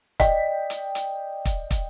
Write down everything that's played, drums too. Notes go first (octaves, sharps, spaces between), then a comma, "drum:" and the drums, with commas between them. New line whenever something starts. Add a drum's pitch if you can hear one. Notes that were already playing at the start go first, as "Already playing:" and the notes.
D5 D#5 G5 B6, drum: kick, hi-hat
drum: hi-hat
drum: hi-hat
drum: kick, hi-hat
drum: kick, hi-hat